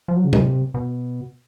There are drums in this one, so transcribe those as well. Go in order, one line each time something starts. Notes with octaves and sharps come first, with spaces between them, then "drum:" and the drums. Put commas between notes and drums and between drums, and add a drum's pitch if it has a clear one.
F3
F#3
C#3
C3, drum: tom A#2
B2